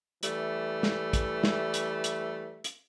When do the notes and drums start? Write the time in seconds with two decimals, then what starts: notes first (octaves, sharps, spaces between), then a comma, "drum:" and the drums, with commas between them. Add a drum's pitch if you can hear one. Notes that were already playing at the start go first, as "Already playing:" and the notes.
0.23 E3 G3 A3, drum: hi-hat
0.83 drum: snare
1.13 drum: kick, hi-hat
1.44 drum: snare
1.74 drum: hi-hat
2.04 drum: hi-hat
2.64 drum: hi-hat